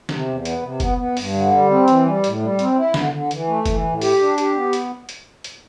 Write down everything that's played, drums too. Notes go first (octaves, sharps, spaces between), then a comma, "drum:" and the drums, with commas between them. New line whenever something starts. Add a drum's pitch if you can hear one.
C3, drum: snare
E2
B3, drum: hi-hat
C3
B3, drum: kick, hi-hat
B3
G2, drum: open hi-hat
D3
G3
C4
E3, drum: hi-hat
G3
A2, drum: hi-hat
G3
C4, drum: hi-hat
E4
D3, drum: snare
D3
E3, drum: hi-hat
A3
E3, drum: kick, hi-hat
A2
G4, drum: open hi-hat
D4
G4, drum: hi-hat
B3
drum: hi-hat
drum: hi-hat
drum: hi-hat